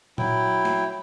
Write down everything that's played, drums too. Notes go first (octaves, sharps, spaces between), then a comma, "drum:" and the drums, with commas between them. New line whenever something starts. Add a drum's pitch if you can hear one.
F#3 E4 G5, drum: tom A#2
drum: snare